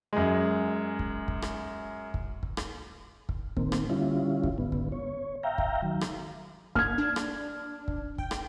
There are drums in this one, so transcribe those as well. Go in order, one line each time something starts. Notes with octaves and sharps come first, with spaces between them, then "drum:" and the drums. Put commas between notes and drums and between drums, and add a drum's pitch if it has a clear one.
F#2 G#3
drum: kick
drum: kick
drum: rim click
drum: kick
drum: kick
drum: rim click
drum: kick
A#2 D#3 A#3 C4, drum: kick
drum: rim click
D3 G3 C#4 E4 F4
drum: kick
G#2 D3 B3
drum: kick
C#5
E5 F5 G5 A#5
drum: kick
D#3 F#3
drum: rim click
A#3 F6 G#6, drum: kick
D4
drum: rim click
drum: kick
G5, drum: kick
drum: rim click